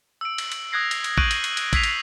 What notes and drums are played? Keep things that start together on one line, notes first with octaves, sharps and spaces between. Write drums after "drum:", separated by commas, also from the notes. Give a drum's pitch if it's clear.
E6 D7
drum: cymbal
drum: cymbal
D#6 F#6 G#6 A#6 C7
drum: cymbal
drum: cymbal
C#6 F#6 G6 D7 D#7 F#7, drum: kick A1
drum: cymbal
drum: cymbal
drum: cymbal
E6 G#6 B6 C7 D#7 F7, drum: kick A1, cymbal
drum: cymbal